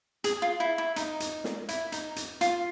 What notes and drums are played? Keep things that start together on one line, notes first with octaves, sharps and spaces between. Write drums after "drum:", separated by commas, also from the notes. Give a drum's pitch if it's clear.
G#4, drum: hi-hat
F4
E4
E4
D#4, drum: hi-hat
drum: hi-hat
drum: snare
E4, drum: hi-hat
D#4, drum: hi-hat
drum: hi-hat
F4, drum: hi-hat